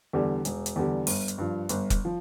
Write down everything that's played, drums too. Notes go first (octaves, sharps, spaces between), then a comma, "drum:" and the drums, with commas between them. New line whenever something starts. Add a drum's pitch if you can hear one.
E2 D3 G3
E1, drum: hi-hat
drum: hi-hat
E2 D3 G3
G1, drum: open hi-hat
drum: hi-hat
G2 F3
G1, drum: hi-hat
drum: kick, hi-hat
F3